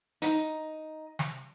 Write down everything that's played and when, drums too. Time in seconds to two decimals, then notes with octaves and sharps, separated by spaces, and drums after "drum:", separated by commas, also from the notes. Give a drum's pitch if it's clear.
0.22 D#4, drum: hi-hat
1.19 drum: snare